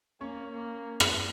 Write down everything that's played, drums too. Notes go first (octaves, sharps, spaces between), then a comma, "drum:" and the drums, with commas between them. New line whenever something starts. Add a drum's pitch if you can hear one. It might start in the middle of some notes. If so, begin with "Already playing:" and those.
A#3 C#4 C#5
A#3
drum: rim click